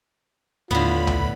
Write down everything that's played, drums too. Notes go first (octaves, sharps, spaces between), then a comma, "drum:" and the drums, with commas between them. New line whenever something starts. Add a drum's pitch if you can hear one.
D#2 A2 D3 B3 F4 B5
drum: tom C2